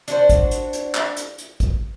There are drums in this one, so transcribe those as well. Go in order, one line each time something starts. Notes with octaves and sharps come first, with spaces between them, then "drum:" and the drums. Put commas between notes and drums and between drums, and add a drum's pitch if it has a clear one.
D4 F#4 C5, drum: hi-hat
drum: kick, hi-hat
drum: hi-hat
drum: hi-hat
drum: clap
drum: hi-hat
drum: hi-hat
drum: kick, hi-hat